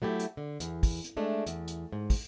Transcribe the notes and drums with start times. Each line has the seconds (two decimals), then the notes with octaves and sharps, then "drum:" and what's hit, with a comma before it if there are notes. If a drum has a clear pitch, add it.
0.02 F#3 A3 E4 G4
0.20 drum: hi-hat
0.37 D3
0.60 E2, drum: hi-hat
0.83 drum: kick, open hi-hat
1.04 drum: hi-hat
1.17 G#3 A3 D4
1.46 E2, drum: hi-hat
1.68 drum: hi-hat
1.92 G#2
2.10 drum: kick, open hi-hat